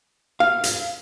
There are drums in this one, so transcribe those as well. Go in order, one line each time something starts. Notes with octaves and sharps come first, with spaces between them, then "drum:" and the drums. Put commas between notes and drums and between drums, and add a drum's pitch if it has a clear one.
F5
drum: hi-hat